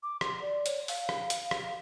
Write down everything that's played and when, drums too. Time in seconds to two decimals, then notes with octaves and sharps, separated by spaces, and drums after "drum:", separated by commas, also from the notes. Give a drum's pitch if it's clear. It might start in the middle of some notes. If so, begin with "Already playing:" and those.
0.03 D6
0.21 C6, drum: rim click
0.41 D5
0.66 C#5, drum: hi-hat
0.88 F5, drum: open hi-hat
1.09 drum: rim click
1.30 drum: hi-hat
1.51 drum: rim click